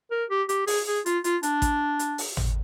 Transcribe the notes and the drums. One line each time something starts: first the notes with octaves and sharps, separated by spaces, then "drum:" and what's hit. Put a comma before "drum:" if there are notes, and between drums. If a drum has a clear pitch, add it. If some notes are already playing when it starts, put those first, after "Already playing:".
A#4
G4
G4, drum: hi-hat
G#4, drum: open hi-hat
G#4
F4, drum: hi-hat
F4, drum: hi-hat
D4, drum: hi-hat
drum: kick A1, hi-hat
drum: hi-hat
drum: open hi-hat
drum: tom G#1